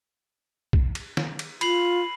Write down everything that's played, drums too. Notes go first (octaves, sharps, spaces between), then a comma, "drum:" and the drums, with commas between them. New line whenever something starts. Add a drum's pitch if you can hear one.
drum: kick
drum: cymbal
drum: snare
drum: cymbal
F4 B5 C7 F#7, drum: cymbal